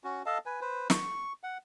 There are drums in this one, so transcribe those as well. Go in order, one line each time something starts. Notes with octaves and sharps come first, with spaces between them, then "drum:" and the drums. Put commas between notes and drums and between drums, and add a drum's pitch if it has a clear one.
C#4 F#4
A4 D#5 F5 A5
B4 G#5
B4 C5
C#6, drum: snare
F#5